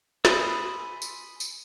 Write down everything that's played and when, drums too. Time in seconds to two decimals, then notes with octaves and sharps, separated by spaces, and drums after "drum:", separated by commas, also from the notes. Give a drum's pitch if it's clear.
0.25 G#5 B5 C6 D#6 E6, drum: snare
1.02 drum: tambourine
1.40 drum: tambourine